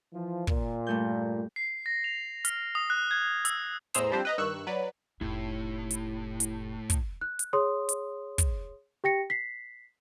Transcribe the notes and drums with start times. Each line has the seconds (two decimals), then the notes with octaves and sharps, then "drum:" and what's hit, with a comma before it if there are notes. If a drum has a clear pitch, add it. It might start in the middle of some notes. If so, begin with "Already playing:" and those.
0.14 E3 F3
0.47 A#2, drum: kick
0.87 G2 A3 G6
1.56 C7
1.86 A#6
2.04 F7
2.45 F6, drum: hi-hat
2.75 D#6
2.90 F#6
3.11 G#6
3.45 E6, drum: hi-hat
3.94 E2 A2 G#4 C5 A#5 E6, drum: hi-hat
4.11 F3 G3 C4 D4 G4 C5
4.25 B4 D#5 A#5
4.38 G2 D#3 C#6 E6 F#6
4.67 F#3 B4 D5
5.21 F1 A2 D#4 E4 G4
5.91 drum: hi-hat
6.40 drum: hi-hat
6.90 drum: kick, hi-hat
7.21 F#6
7.39 drum: hi-hat
7.53 G#4 C#5 C6 D#6
7.89 drum: hi-hat
8.38 drum: kick, hi-hat
9.04 G4 G5 A#6 C#7
9.30 B6 C7